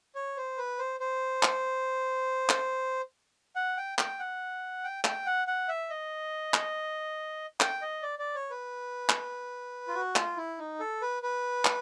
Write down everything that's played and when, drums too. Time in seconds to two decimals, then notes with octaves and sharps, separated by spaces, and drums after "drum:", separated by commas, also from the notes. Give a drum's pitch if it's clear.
0.15 C#5
0.37 C5
0.58 B4
0.79 C5
1.00 C5
1.43 drum: clap
2.49 drum: clap
3.56 F#5
3.77 G5
3.98 G5, drum: clap
4.19 F#5
4.84 G5
5.04 G5, drum: clap
5.26 F#5
5.48 F#5
5.68 E5
5.90 D#5
6.54 drum: clap
7.60 G5, drum: clap
7.82 D#5
8.03 D5
8.19 D5
8.35 C#5
8.50 B4
9.09 drum: clap
9.88 F4
9.95 F#4
10.16 F4, drum: clap
10.37 E4
10.58 D#4
10.80 A4
11.02 B4
11.23 B4
11.65 drum: clap